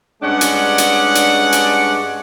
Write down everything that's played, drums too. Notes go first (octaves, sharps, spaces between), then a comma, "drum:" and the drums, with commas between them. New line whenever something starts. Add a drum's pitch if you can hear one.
G2 G#3 C#4 D4 D5 F#5
drum: hi-hat
drum: hi-hat
drum: hi-hat
drum: hi-hat